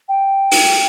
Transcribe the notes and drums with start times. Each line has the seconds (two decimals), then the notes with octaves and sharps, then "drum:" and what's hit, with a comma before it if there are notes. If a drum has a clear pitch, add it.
0.08 G5
0.51 drum: open hi-hat